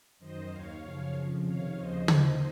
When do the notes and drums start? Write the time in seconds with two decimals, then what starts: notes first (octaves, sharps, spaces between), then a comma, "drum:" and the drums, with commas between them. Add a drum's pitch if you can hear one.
0.19 F#2 D#3 C5 D#5
0.51 D#2 D#3 C#5 F5
0.82 F#2 C#3 F3
1.14 F2 C#3 F3
1.45 F2 C3 D#3 C#5 F5
1.76 D#2 C#3 F3 C5 D#5
2.08 D#2 D#3 C5 D#5, drum: tom